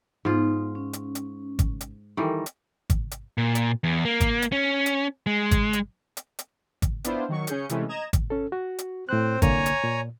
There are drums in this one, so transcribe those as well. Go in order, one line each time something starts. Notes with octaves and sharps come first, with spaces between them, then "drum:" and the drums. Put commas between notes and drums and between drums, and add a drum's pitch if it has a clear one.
G#2 B3 D#4 F4
C#4
drum: hi-hat
drum: hi-hat
drum: kick G#1, hi-hat
drum: hi-hat
D#3 E3 G3 A4 A#4
drum: hi-hat
drum: kick G#1, hi-hat
drum: hi-hat
A#2
drum: hi-hat
E2
A#3
drum: kick G#1, hi-hat
drum: hi-hat
C#4
drum: hi-hat
G#3
drum: kick G#1, hi-hat
drum: hi-hat
drum: hi-hat
drum: hi-hat
drum: kick G#1, hi-hat
B3 D4 E4 F4 C5, drum: hi-hat
D#3 F#3 C#6
C#3 C#4 G#4 G6 C#7, drum: hi-hat
C3 E3 G#3 A3 C#4, drum: hi-hat
D#5 A#5 G#6 E7
drum: kick G#1, hi-hat
C#4 A4
F#4
drum: hi-hat
A2 C4 C5 F#6
C2 D3 A#3 C#5 G#5 A#5, drum: kick G#1, hi-hat
drum: hi-hat
A#2